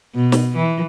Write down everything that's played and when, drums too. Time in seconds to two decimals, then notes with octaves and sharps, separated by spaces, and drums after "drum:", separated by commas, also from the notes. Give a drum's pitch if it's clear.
0.15 B2
0.32 drum: snare
0.56 E3